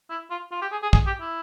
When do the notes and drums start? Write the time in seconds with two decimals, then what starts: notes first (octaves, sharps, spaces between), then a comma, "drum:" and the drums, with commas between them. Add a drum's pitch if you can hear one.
0.10 E4
0.30 F4
0.52 F4
0.62 G4
0.72 G#4
0.83 G#4
0.93 G#4, drum: kick
1.07 G4
1.21 E4